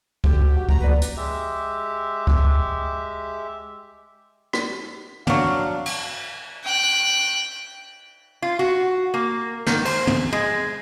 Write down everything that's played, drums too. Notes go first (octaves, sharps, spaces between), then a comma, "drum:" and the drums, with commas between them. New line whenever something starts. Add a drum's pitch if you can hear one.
D3 F#4 G4, drum: kick C#2
D2 F#4
F#5
A#5, drum: kick C#2
F3 A#3 B4 D5
drum: hi-hat
G#3 G4 E5
drum: kick C#2
drum: rim click
F#3 D4 F5, drum: tom
drum: cymbal
G5 F#6
F4
F#4
A#3
D#3, drum: snare
C5, drum: cymbal
drum: tom
G#3